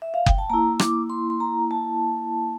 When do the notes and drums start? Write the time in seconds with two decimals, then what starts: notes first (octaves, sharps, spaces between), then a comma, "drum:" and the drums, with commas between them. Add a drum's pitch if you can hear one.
0.02 E5
0.14 F5
0.26 G5, drum: kick F#1
0.38 A5
0.50 A#3 E4 A#5
0.79 D6, drum: rim click
1.10 C6
1.30 C6
1.40 A#5
1.71 A5